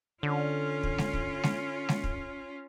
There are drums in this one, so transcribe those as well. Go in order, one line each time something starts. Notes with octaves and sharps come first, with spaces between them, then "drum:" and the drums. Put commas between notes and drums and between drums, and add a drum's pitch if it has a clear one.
D3 C#4 F4
drum: kick
drum: snare G#3
drum: kick
drum: snare G#3
drum: snare G#3
drum: kick